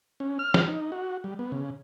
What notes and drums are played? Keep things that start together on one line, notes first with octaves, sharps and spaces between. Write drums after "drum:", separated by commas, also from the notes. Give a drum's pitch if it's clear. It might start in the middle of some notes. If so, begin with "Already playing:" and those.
C#4
F6
drum: snare
D#4
F#4
G3
B3
C#3